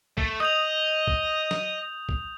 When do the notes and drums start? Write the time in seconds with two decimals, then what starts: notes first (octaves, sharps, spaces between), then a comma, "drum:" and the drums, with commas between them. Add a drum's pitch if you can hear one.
0.18 A3, drum: kick
0.40 D#5 D#6 G6 F7
1.07 drum: kick
1.51 drum: snare
2.09 drum: kick